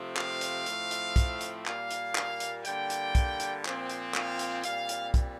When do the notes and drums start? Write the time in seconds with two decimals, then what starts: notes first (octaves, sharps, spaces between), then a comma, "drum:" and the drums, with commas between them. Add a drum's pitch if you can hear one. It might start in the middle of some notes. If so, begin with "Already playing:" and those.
Already playing: C3 F3 A3 C4
0.17 F5, drum: clap
0.41 drum: hi-hat
0.66 A2 F3 A3 C4, drum: hi-hat
0.91 drum: hi-hat
1.16 drum: kick, hi-hat
1.41 drum: hi-hat
1.66 A#2 G3 A#3 F5, drum: clap
1.91 drum: hi-hat
2.15 drum: clap
2.40 drum: hi-hat
2.65 D3 G3 A#3 G5, drum: hi-hat
2.90 drum: hi-hat
3.15 drum: kick, hi-hat
3.40 drum: hi-hat
3.65 A#2 F3 C4, drum: clap
3.90 drum: hi-hat
4.15 F5, drum: clap
4.39 drum: hi-hat
4.64 A#2 G3 C4 F5, drum: hi-hat
4.89 drum: hi-hat
5.14 drum: kick, hi-hat